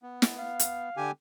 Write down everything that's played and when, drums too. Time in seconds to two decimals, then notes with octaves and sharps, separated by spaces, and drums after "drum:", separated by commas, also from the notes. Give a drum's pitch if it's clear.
0.03 B3
0.22 drum: snare
0.39 F5
0.59 drum: hi-hat
0.97 D3 G4 G#5